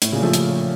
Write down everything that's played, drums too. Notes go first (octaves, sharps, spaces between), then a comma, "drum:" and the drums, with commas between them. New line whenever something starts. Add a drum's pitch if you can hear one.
A2, drum: hi-hat
A#2 C#3
F3 A3
drum: hi-hat